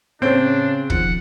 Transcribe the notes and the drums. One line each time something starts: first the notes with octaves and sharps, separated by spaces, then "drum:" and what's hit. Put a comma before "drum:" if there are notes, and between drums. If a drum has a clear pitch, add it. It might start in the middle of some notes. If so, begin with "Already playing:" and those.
A2 C#3 C4 D4 C#5
B2 D#3 F3 F#5, drum: kick